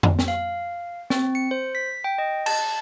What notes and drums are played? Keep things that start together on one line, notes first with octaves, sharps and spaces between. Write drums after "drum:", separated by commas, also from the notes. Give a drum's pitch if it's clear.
drum: tom F2
drum: snare
F5
C4, drum: snare
C#7
C5
B6
G5
D#5
A5, drum: cymbal